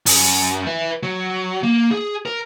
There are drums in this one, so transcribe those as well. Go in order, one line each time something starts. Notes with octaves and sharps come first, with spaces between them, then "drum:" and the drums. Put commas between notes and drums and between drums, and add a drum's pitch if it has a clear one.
F#2, drum: open hi-hat
B4 E5
F#3
A#3
G#4
A#4